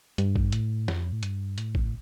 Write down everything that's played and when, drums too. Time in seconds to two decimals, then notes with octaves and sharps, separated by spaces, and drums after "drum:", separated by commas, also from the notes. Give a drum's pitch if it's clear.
0.18 G2, drum: hi-hat
0.36 drum: kick A1
0.52 A2, drum: hi-hat
0.88 F2, drum: snare
1.13 A2
1.23 G2, drum: hi-hat
1.58 A2, drum: hi-hat
1.75 drum: kick A1